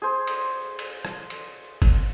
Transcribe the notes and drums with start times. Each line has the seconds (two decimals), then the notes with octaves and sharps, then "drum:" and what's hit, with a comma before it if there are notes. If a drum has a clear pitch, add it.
0.02 G#4 C5
0.27 drum: cymbal
0.79 drum: cymbal
1.05 drum: rim click
1.30 drum: cymbal
1.82 drum: kick G1, cymbal